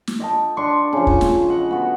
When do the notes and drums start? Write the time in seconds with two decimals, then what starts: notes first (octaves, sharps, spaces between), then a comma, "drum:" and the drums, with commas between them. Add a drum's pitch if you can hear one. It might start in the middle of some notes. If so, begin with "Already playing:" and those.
0.07 drum: snare
0.20 D#5 G5 A5
0.57 D4 C6 C#6
0.93 C#3 F3
1.07 drum: kick
1.21 drum: snare
1.48 D#5 F#5
1.71 B3 F#4